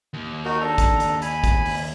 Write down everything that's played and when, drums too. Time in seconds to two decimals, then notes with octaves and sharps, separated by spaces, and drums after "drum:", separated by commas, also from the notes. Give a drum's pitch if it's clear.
0.13 D#2
0.45 D#4 F#4 A#4
0.61 D4 A4 A#5
0.78 drum: kick, hi-hat
1.00 drum: hi-hat
1.22 G#5 B5, drum: hi-hat
1.44 drum: kick, hi-hat
1.65 drum: open hi-hat